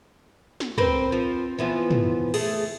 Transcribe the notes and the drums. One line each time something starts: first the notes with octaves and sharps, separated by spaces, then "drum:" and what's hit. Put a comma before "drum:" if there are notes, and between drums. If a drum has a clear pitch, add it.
drum: snare
C4 A#4 B4, drum: tom
F3
E3 F3 B3
drum: tom
A3 G#4, drum: cymbal